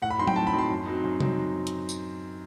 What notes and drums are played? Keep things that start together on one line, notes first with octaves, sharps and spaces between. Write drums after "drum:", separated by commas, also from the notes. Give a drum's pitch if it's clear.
A2 F#5
B5
F#3 C4 D#4 C6
G5, drum: tom F#3
A2 A5
B5
F#3 C4 D#4
C6
F#2
F#3 C4 D#4
F#2
F#3 C4 D#4, drum: tom C3
drum: hi-hat
drum: tambourine